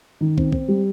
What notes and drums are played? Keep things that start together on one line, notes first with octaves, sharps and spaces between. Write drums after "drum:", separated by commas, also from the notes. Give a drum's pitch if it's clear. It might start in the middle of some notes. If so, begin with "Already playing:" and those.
D#3
C4, drum: kick
C4, drum: kick
G3